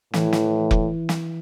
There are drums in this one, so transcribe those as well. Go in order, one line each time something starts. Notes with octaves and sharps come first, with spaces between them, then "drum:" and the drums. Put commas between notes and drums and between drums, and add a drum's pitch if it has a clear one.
A2 E3, drum: snare
drum: snare
drum: kick F1
drum: snare